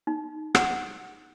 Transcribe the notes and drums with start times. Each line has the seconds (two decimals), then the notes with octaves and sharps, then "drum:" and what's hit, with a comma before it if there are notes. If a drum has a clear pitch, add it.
0.07 D#4
0.55 F#5, drum: rim click